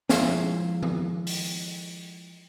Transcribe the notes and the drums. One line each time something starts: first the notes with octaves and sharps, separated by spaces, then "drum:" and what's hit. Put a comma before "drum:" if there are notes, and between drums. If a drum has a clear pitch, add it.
F3 G#3 E4 G#4 E5 F5, drum: snare
drum: tom D#3
drum: open hi-hat